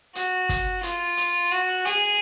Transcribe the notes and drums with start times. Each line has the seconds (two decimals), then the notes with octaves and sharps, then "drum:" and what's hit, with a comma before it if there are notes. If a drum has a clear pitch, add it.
0.15 F#4, drum: hi-hat
0.49 drum: kick, hi-hat
0.83 F4, drum: hi-hat
1.17 drum: hi-hat
1.52 F#4
1.86 G#4, drum: hi-hat